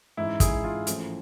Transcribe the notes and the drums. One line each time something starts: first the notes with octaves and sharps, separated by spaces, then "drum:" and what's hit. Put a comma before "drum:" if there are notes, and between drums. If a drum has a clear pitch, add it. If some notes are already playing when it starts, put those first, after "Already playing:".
A1 G#2 E3 E4
G#4, drum: kick, hi-hat
F4
A1 A2 F3, drum: hi-hat